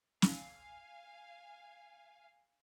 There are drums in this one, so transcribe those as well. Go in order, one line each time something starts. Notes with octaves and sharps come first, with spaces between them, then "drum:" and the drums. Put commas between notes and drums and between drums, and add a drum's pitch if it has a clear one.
F5 G#5, drum: snare